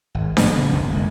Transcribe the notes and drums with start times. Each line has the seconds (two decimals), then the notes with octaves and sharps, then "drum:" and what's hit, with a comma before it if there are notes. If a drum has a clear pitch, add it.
0.15 G#1
0.37 A2 F3 B3, drum: snare D4
0.56 C#3 B3
0.73 C2 F#2 D3 B3
0.90 D#1 G#3 A#3